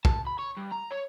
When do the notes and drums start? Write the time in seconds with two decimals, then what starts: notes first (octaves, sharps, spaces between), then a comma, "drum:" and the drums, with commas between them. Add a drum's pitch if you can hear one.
0.05 A5, drum: kick
0.27 B5
0.39 C#5
0.57 G2
0.72 A#5
0.92 C#5